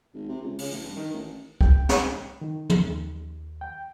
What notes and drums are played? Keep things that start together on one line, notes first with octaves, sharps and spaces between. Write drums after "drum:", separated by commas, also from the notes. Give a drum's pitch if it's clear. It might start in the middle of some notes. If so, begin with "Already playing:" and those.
G#1
C3
C#2
C#3, drum: open hi-hat
A1
G2
D#3
A1
G5, drum: kick
drum: snare
D#3
drum: tom
D#2
G5